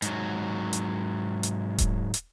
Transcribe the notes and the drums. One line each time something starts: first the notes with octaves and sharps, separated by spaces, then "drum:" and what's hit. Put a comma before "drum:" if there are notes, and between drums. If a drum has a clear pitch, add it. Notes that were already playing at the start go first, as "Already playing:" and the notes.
G#2 F#3, drum: hi-hat
drum: hi-hat
drum: hi-hat
drum: kick D#1, hi-hat
drum: hi-hat